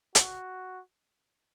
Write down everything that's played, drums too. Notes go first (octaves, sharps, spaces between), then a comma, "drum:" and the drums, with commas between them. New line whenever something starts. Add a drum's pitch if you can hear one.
F#4, drum: hi-hat